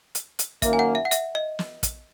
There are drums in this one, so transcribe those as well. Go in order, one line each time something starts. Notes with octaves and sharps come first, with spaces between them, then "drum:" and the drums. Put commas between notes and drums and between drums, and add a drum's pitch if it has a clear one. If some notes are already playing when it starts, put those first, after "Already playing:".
drum: hi-hat
drum: hi-hat
F#2 D#3 A#3 E5, drum: kick, hi-hat
G#5
F#5
E5
F#5
E5, drum: hi-hat
D#5
drum: snare
drum: kick, hi-hat